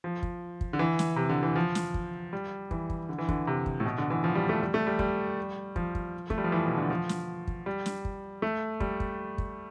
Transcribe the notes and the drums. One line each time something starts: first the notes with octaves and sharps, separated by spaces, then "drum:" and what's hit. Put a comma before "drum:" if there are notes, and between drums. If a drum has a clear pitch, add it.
F3
drum: kick
drum: kick
D3
E3
drum: snare
C3
D3
E3
F3
drum: snare
drum: kick
G3
E3, drum: kick
drum: kick
D3
E3
D3, drum: kick
C3
drum: kick
A2
B2
D3
E3
F3
G3
A3
G3
A3
G3
G3, drum: kick
F3, drum: kick
drum: kick
A3, drum: kick
G3
F3
E3
B2
D3
F3
drum: snare
drum: kick
G3
drum: snare
drum: kick
A3
G3, drum: kick
drum: kick
drum: kick